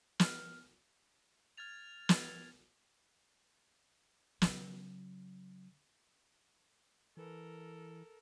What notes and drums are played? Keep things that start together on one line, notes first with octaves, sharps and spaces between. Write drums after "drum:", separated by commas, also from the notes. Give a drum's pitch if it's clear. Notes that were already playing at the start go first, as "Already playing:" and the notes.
F6, drum: snare
F6 G#6 A6 F7
drum: snare
C#3 F#3, drum: snare
E3 A4 A#4